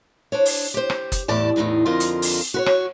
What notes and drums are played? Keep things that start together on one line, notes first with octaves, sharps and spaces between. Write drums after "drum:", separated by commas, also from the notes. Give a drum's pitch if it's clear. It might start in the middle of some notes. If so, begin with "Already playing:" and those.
D4 C5 C#5
drum: open hi-hat
G4 C5
drum: rim click
drum: kick F#1, hi-hat
E2 A2 G4 D5 A5
E2 A2 D4 D#4 G#4
F2 D3 F4 A#4 D#5
drum: hi-hat
drum: open hi-hat
F#4 B4 C#5
drum: rim click